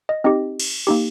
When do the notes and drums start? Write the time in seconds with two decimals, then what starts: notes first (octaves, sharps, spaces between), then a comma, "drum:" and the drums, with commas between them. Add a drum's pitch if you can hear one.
0.09 D#5
0.24 C4 D#4 G4 D#5
0.60 drum: cymbal
0.87 A#3 D#4 G4